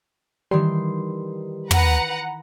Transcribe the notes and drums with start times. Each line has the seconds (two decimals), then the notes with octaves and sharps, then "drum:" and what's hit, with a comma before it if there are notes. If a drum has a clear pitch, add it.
0.51 D#3 E3 G3 C6
1.71 B4 F#5 A#5, drum: tom